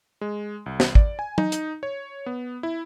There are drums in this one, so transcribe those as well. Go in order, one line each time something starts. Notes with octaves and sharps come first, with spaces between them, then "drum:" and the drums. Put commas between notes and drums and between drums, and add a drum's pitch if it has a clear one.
G#3
C2
drum: snare
D5, drum: kick
G#5
D#4, drum: tom
drum: hi-hat
C#5
B3
E4